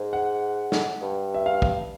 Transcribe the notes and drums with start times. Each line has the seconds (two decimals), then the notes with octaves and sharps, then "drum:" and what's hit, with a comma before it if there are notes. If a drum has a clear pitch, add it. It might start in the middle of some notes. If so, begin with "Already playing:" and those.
Already playing: G#2
0.13 F#5
0.72 drum: snare
1.01 G2
1.34 E5
1.46 F5
1.62 drum: kick